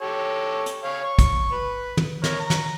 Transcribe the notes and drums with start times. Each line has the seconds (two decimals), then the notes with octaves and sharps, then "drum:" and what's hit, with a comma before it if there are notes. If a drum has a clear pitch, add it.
0.01 G4 A4 C#5
0.66 drum: hi-hat
0.84 C#5 F5
1.04 C#6
1.19 drum: kick, hi-hat
1.52 B4
1.97 drum: tom
2.24 A#4 C#5, drum: snare
2.40 A#5
2.50 drum: snare